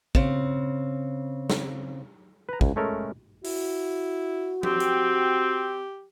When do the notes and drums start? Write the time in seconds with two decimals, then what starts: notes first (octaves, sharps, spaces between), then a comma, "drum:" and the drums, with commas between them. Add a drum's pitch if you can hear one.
0.15 C#3 C4, drum: kick
1.50 drum: snare
2.49 B4 A#5
2.61 C#2, drum: kick
2.76 G#3 A3 C#4 A4 A#4
3.44 E4 F#4, drum: open hi-hat
4.63 C4 G4, drum: tom F3
4.80 drum: hi-hat